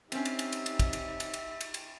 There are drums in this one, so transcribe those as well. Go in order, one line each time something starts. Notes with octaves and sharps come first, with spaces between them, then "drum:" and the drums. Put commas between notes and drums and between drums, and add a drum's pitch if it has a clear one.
C4 C#4 D#4 G4 E5, drum: cymbal
drum: cymbal
drum: cymbal
drum: cymbal
drum: cymbal
drum: kick, cymbal
drum: cymbal
drum: cymbal
drum: cymbal
drum: cymbal
drum: cymbal